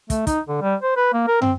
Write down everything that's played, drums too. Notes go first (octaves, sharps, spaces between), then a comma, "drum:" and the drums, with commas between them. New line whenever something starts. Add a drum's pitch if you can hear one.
A3, drum: kick, hi-hat
D#4, drum: kick, hi-hat
D3
G3
C5
B4
A#3
A#4
C4, drum: tom